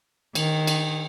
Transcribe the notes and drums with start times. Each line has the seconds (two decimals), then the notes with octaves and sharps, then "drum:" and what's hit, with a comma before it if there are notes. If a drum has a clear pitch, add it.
0.35 D#3, drum: cymbal
0.67 drum: cymbal